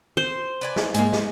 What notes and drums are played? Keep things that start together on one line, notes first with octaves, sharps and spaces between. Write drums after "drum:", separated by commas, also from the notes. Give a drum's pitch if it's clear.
C5
B4 D5 G#5
drum: snare
G#2 G#3 A#3 G#5, drum: hi-hat
drum: snare